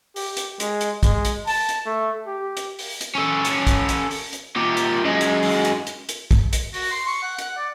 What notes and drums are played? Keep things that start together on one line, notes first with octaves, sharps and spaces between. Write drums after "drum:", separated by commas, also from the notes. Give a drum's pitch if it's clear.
G4, drum: open hi-hat
drum: hi-hat
G#3, drum: hi-hat
drum: hi-hat
G#3, drum: kick, hi-hat
drum: hi-hat
A5, drum: open hi-hat
drum: hi-hat
A3
G4
drum: hi-hat
drum: open hi-hat
drum: hi-hat
C#4 A4
drum: hi-hat
drum: kick, hi-hat
drum: hi-hat
drum: open hi-hat
drum: hi-hat
A#2 G4
drum: hi-hat
F#2 G#3
drum: hi-hat
drum: open hi-hat
drum: hi-hat
drum: hi-hat
drum: hi-hat
drum: kick, hi-hat
drum: hi-hat
F#4, drum: open hi-hat
C6
C#6
F#5
F#5, drum: hi-hat
D5